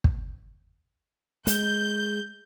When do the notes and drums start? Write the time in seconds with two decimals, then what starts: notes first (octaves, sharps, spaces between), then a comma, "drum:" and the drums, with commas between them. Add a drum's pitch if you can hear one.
0.04 drum: kick
1.47 G#3 G6, drum: hi-hat